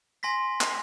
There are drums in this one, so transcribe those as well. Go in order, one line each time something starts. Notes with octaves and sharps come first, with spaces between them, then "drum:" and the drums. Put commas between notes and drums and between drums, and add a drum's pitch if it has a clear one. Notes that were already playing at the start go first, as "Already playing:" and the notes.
G#5 C6 A#6 B6
drum: clap